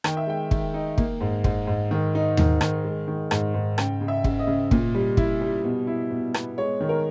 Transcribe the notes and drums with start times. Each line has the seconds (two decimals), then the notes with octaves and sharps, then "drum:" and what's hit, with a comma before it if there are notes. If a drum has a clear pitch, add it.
0.04 D#3 G5, drum: rim click
0.17 E5
0.27 G#3 G5
0.51 D#3, drum: kick
0.74 D#4
0.98 A#3, drum: kick
1.21 G#2
1.44 G#2, drum: kick
1.67 G#2
1.91 D#3
2.15 D#4
2.37 D#3, drum: tom D#2
2.61 D#3, drum: rim click
2.84 G#3
3.08 D#3
3.31 G#2, drum: rim click
3.54 G#2
3.78 C#3 G5, drum: rim click
4.01 C#3
4.08 E5
4.24 C#3, drum: kick
4.39 D#5
4.47 C#3
4.71 A#2, drum: kick
4.94 G3
5.17 E4, drum: kick
5.41 G3
5.64 B2
5.87 E4
6.11 B2
6.34 B3, drum: rim click
6.58 G#3 C#5
6.80 D#3
6.89 A#4